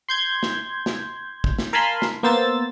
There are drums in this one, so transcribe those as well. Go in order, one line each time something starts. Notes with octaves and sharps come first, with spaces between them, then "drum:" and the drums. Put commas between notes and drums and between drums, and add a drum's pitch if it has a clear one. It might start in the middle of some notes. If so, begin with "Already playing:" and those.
C6 G6 G#6
drum: snare
drum: snare
drum: kick
drum: snare
A#4 F5 G#5 A5 B5 C6
drum: snare
A#3 B3 C5 E6 A6